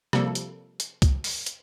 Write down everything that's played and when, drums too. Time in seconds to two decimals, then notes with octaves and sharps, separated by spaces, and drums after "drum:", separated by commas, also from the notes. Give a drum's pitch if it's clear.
0.13 C3 F3 G3 A#3 A4, drum: rim click
0.35 drum: hi-hat
0.80 drum: hi-hat
1.02 drum: kick C2, hi-hat
1.24 drum: open hi-hat
1.46 drum: hi-hat